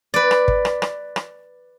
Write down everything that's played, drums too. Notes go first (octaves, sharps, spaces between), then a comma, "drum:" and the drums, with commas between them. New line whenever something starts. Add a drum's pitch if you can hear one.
B4 D5
drum: rim click
drum: kick
drum: rim click
drum: rim click
drum: rim click